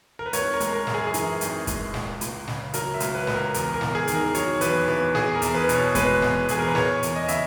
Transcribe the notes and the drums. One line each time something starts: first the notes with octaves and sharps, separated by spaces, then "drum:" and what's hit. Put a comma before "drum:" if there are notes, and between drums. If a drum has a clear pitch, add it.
A#4
B4
G#1 C#5, drum: hi-hat
A#4
G#3, drum: hi-hat
A#4
F#2, drum: snare
G#4
G#4
E3 A#4, drum: hi-hat
G#1, drum: hi-hat
G#3, drum: kick, hi-hat
C#2, drum: snare
C#2, drum: hi-hat
C#3, drum: snare
F#3 A#4, drum: hi-hat
E5
C#2, drum: hi-hat
B4
C#2, drum: snare
A#4
E2 A#4, drum: hi-hat
A#4
E2, drum: snare
G#4
D#3, drum: hi-hat
A#4
F#3 C#5, drum: hi-hat
E2 B4, drum: hi-hat
E2 B4
E2 G#4, drum: snare
A#4
E2, drum: hi-hat
B4
B2, drum: hi-hat
C#5
G#3 B4, drum: kick, hi-hat
E2, drum: snare
E2 G#4, drum: hi-hat
A#4
B4
E2 C#5, drum: snare
E2, drum: hi-hat
D#5
C#3 E5, drum: hi-hat